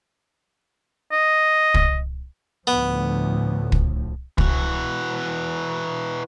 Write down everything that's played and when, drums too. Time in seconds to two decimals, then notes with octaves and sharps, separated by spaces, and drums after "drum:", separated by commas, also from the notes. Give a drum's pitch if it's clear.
1.12 D#5
1.74 drum: kick
2.67 D2 A2 F3 B3
3.72 drum: kick
4.38 E3 F#4, drum: kick